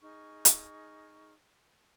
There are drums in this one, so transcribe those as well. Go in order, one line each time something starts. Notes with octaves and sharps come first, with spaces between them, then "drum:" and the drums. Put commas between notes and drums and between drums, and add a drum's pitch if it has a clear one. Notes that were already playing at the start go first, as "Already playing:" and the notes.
D#4 G#4 C#6 F6
drum: hi-hat